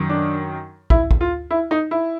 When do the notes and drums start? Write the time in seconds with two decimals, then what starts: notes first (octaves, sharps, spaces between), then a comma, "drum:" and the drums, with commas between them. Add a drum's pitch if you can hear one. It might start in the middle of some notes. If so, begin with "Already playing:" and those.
Already playing: F#2 D#3
0.09 D4
0.90 E4, drum: kick
1.11 drum: kick
1.21 F4
1.51 E4
1.71 D#4
1.91 E4